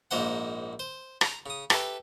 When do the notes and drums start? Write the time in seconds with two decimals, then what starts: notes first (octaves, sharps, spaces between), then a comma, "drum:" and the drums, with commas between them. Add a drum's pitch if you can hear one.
0.11 A#1 G#2 A#3 C5 F#5
0.79 C5
1.21 A#5, drum: rim click
1.46 C#3 D#6
1.70 G4 A4 B4 E5, drum: rim click